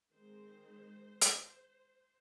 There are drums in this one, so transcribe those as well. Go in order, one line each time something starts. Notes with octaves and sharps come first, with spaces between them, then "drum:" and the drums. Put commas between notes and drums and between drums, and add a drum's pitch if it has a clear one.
D#3 G#3 C4 C5
drum: hi-hat